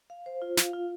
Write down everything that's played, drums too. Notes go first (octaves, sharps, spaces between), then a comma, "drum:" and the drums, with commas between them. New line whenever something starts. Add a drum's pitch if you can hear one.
F5
C5
F4
F5, drum: snare
F4